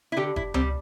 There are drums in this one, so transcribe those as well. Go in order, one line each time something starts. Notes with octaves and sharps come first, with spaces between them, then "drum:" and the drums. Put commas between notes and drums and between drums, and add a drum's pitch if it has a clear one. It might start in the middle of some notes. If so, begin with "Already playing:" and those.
E4
D3 G4
E4, drum: kick
G3 C4, drum: tom C#2